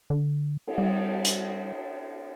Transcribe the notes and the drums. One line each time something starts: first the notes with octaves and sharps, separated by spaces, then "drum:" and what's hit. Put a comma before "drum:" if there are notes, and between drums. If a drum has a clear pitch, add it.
D3
drum: cymbal
G3
drum: hi-hat